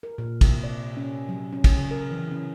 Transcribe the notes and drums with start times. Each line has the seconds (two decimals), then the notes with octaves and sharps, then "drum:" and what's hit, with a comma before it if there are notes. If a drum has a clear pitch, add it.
0.03 A#4
0.18 A#2
0.41 C3, drum: kick, cymbal
0.64 D5
0.97 C#4
1.29 F#3
1.53 C#4
1.64 drum: kick, cymbal
1.76 C#3
1.91 A#4
2.11 E3
2.31 C#4